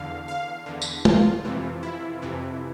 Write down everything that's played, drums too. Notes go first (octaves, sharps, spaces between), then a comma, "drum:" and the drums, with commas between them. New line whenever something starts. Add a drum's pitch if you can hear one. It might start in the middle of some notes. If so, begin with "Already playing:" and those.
Already playing: E2 D3 F5
F5
E2 D3
drum: tambourine
F4, drum: tom
F2 C3 E3
E4
F2 C3 E3